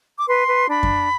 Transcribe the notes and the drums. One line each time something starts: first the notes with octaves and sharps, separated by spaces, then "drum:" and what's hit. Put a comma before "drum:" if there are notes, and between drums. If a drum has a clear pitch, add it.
D6
B4 C6
B4
D4 B5
drum: kick F#2